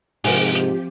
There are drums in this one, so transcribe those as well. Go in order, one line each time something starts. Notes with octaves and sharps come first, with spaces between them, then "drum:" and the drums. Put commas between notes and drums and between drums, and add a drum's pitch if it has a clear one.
G#2 C3 F3 G4 A#4 F#5 G#5, drum: open hi-hat
drum: hi-hat